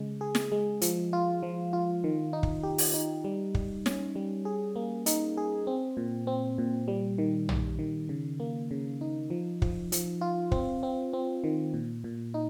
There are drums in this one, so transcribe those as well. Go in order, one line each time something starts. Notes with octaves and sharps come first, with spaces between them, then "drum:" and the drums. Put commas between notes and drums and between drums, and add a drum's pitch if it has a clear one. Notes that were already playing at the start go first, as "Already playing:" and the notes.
Already playing: C#3 G#3
G#4
drum: snare
G#3
F3, drum: hi-hat
F4
F3
F4
D#3
D#4
drum: kick
G4
drum: open hi-hat
D#4
G3
G3, drum: kick
C#4, drum: snare
G3
G#4
A#3
D#4, drum: hi-hat
G#4
C4
A#2
C4
A#2
G3
D#3
D#3, drum: tom
D#3
C#3
A#3
C#3
D#4
F3
F3, drum: kick
F3, drum: hi-hat
F4
C4, drum: kick
C4
C4
D#3
A#2
A#2
D#4